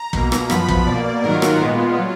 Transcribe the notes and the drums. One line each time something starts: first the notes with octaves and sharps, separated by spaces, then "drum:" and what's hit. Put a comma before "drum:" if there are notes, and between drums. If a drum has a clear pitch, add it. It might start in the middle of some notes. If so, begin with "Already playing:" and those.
Already playing: A#5
B2 A#3, drum: kick
drum: rim click
F#2 F3 B3 B5, drum: rim click
drum: kick
B2 A#3 D5
G#2 D#3 F#3 A#4
F4
F#4, drum: rim click
A#2 G#3 B3 F4
F#3